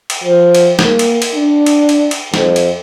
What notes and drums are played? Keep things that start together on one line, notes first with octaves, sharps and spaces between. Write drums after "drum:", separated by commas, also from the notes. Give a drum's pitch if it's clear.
drum: cymbal
F3
drum: cymbal
A#3, drum: snare
drum: cymbal
drum: cymbal
D4
drum: cymbal
drum: cymbal
drum: cymbal
F2, drum: snare
drum: cymbal